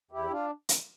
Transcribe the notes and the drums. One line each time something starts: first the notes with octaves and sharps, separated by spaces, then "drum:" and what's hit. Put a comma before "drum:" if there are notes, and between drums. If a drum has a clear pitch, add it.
E2 E4 G4
D4 F4
drum: hi-hat